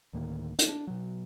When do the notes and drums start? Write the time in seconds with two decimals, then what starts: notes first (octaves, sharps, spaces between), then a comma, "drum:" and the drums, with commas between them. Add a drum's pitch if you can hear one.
0.13 D2 A2 D#3 A#3
0.59 drum: hi-hat
0.69 D4
0.87 B2 F#3